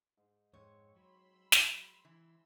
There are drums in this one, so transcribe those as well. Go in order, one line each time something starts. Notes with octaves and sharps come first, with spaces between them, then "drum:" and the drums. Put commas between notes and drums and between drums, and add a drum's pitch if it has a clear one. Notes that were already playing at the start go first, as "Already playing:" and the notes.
G#2
F2 G#2 G#3 C4 C#5
F#3 B5 C6 E6
drum: snare
E3